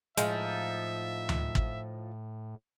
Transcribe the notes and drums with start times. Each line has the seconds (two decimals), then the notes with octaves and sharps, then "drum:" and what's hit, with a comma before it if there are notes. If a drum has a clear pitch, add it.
0.17 A2 F3 G#3 D#4 E5, drum: hi-hat
1.29 drum: tom D2
1.55 drum: kick